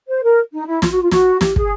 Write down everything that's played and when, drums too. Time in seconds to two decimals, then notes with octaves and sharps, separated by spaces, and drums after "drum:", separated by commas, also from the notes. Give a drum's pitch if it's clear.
0.09 C5
0.23 A#4
0.53 D#4
0.67 E4
0.82 F4, drum: snare
0.92 F#4
1.02 F4
1.11 F#4, drum: snare
1.41 G4, drum: snare
1.56 G#4, drum: kick